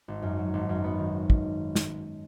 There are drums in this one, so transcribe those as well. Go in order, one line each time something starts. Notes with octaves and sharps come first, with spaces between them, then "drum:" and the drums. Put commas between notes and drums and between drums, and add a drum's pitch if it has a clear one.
G#1
F#2
F#3
G#1
F#2
B3
D#3
drum: kick
drum: snare